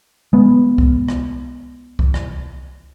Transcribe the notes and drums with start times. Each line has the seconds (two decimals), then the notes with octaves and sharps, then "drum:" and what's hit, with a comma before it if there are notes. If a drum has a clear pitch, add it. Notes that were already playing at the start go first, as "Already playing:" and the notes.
0.33 G#3 B3
0.78 drum: kick C2
1.08 drum: rim click
1.99 drum: kick C2
2.14 drum: rim click